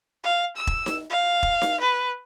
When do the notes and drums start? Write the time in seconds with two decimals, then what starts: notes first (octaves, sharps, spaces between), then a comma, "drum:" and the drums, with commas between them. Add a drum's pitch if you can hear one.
0.24 F5
0.56 E6
0.67 drum: kick E1
0.86 drum: snare D#4
1.10 F5
1.43 drum: kick E1
1.62 drum: snare D#4
1.80 B4